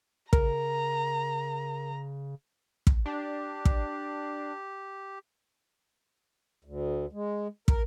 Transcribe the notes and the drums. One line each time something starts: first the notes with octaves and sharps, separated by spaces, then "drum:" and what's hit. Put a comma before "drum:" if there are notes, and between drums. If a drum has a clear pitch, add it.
C#3 A#4 A#5, drum: kick
drum: kick
D4 G4
drum: kick
D2
G#3
A#4, drum: kick